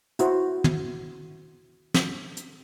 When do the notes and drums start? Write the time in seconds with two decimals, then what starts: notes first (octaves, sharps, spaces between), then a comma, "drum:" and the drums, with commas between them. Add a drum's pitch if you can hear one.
0.19 E4 F#4 C5, drum: hi-hat
0.64 drum: tom
1.94 drum: snare
2.37 drum: hi-hat